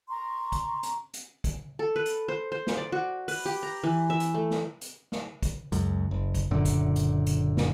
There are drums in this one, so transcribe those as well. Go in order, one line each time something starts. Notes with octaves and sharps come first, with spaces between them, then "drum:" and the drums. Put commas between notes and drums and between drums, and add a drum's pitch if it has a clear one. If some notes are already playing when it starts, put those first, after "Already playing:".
A#5 C6 C#6
drum: kick, hi-hat
drum: hi-hat
drum: hi-hat
drum: kick, hi-hat
A4
B4
drum: hi-hat
C5
C5
drum: snare
D5
F#4
B4, drum: open hi-hat
G4
A#5
E3
E5
drum: hi-hat
A3
drum: snare
drum: hi-hat
drum: snare
drum: kick, hi-hat
C#2 F#2, drum: hi-hat
F#1
drum: kick, hi-hat
F#1 F#2 A#2 D3
drum: kick, hi-hat
drum: hi-hat
drum: hi-hat
drum: snare